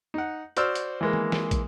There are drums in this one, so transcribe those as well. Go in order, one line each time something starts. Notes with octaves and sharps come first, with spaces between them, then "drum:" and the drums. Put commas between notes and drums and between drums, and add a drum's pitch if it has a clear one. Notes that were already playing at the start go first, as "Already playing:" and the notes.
D#4 F#5
F#4 C5 D5 E6 F6, drum: hi-hat
drum: hi-hat
E3 G#3 A#3
drum: tom
drum: snare
drum: kick, hi-hat